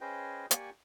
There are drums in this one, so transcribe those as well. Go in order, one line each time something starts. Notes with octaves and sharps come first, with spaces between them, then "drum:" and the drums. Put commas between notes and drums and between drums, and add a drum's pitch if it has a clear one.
C#4 G#4 B4 C5 D#5 G5
A#3 G4 D5 G5 G#5 C#6, drum: hi-hat